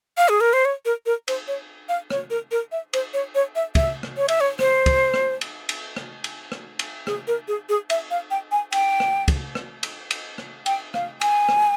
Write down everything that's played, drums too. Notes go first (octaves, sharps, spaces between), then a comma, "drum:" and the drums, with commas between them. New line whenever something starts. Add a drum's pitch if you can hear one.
F5
G#4
A#4
C5
C#5
A#4
A#4
C5, drum: cymbal
C#5
F5
C#5, drum: rim click
A#4
A#4
E5
C5, drum: cymbal
C#5
C#5
E5
E5, drum: kick, cymbal
drum: rim click
C#5
E5, drum: cymbal
C#5
C5, drum: rim click
drum: kick, cymbal
drum: rim click
drum: cymbal
drum: cymbal
drum: rim click
drum: cymbal
drum: rim click
drum: cymbal
G#4, drum: rim click
A#4
G#4
G#4
E5, drum: cymbal
F5
G5
G#5
G5, drum: cymbal
drum: rim click
drum: kick, cymbal
drum: rim click
drum: cymbal
drum: cymbal
drum: rim click
G5, drum: cymbal
F5, drum: rim click
G#5, drum: cymbal
drum: rim click